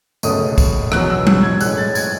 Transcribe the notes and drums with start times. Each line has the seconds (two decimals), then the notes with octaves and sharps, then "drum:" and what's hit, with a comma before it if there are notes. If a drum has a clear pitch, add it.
0.23 C#2 B2 A3 C#4 D#6, drum: tambourine
0.58 drum: kick, tambourine
0.92 E2 B2 F#3 F#6, drum: rim click
1.09 E6
1.27 E6, drum: tom F#3
1.43 G#6
1.61 A2 G#3 C#4 F#6, drum: tambourine
1.78 A6
1.95 G#6, drum: tambourine